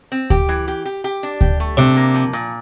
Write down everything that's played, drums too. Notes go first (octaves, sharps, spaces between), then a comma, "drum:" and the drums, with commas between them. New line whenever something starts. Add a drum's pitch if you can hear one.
C4
G4, drum: kick D2
E3
G4
G4
G4
D4
G4, drum: kick D2
A3
C3 D4
A#3
F3
A#2